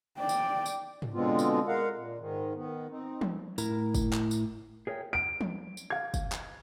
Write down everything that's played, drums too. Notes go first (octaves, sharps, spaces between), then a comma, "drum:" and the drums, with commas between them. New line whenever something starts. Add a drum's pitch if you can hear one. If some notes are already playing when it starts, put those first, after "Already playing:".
D5 G5
drum: tambourine
drum: tambourine
drum: tom G#2
B2 D3 G#3 B3 C4 F4
drum: tambourine
G#3 A#4 F5 F#5
A#2
G#2 D#3
D#3 B3
C4 D#4
drum: tom E3
A2 E4 A#4 A#5, drum: tambourine
drum: kick, tambourine
drum: clap
drum: tambourine
G#4 A#4 C#5 E5 G5
D7
drum: tom E3
drum: tambourine
F5 G#6
drum: kick, tambourine
drum: clap